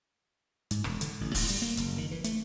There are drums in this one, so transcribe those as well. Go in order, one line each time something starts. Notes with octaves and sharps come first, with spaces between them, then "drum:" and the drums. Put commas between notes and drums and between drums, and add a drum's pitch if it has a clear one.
G#2, drum: hi-hat
E1, drum: rim click
D3, drum: hi-hat
A1
A2, drum: kick, open hi-hat
G3, drum: hi-hat
A#3
F#1, drum: hi-hat
D#3
E3
A3, drum: hi-hat